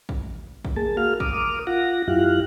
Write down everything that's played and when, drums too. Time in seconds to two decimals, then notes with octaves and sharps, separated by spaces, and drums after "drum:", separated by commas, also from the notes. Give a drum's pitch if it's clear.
0.09 drum: kick
0.65 drum: kick
0.76 A#3 G#4 A5
0.97 F#4 G#4 A#4 F5 F6
1.20 A#4 D6 D#6 F6, drum: kick
1.67 F4 F#5 A#6
2.08 F#2 E4 F4 G4 F5 F#6